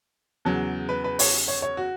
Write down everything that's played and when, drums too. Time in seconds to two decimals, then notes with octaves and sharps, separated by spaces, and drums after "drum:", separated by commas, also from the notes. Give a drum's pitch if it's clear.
0.45 E2 C#3 F#3
0.89 B4
1.04 B4
1.19 C#5, drum: open hi-hat
1.48 C#5
1.62 C#5
1.77 F#4